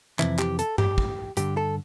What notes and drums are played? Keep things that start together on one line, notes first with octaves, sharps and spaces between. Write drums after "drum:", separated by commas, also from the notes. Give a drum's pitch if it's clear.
F2 C3 E3 E4, drum: clap
G4, drum: clap
A4, drum: hi-hat
G4, drum: tom G2
drum: kick
G2 D3 G4, drum: hi-hat
A4